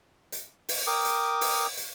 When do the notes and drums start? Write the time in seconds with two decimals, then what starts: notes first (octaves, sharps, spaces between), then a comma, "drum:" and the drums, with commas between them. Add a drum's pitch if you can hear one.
0.32 drum: hi-hat
0.69 drum: open hi-hat
0.87 A#4 G5 D6 D#6
1.05 drum: hi-hat
1.41 drum: open hi-hat
1.77 drum: hi-hat